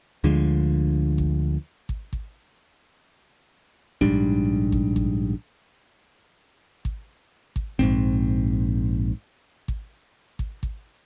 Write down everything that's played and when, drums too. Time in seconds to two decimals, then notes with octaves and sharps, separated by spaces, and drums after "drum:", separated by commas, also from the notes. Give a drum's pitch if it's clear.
0.24 D2 D3 F3 G#3
1.18 drum: kick G#1
1.89 drum: kick G#1
2.13 drum: kick G#1
4.01 A#1 G#2 G3 D4, drum: kick G#1
4.72 drum: kick G#1
4.96 drum: kick G#1
6.85 drum: kick G#1
7.56 drum: kick G#1
7.79 A#1 G#2 G3 C4, drum: kick G#1
9.68 drum: kick G#1
10.39 drum: kick G#1
10.63 drum: kick G#1